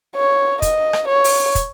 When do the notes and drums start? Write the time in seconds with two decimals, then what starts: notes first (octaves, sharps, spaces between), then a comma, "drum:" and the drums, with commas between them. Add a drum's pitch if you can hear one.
0.16 C#5
0.62 D#5, drum: kick, hi-hat
0.93 drum: rim click
1.09 C#5
1.24 drum: open hi-hat
1.55 drum: kick, hi-hat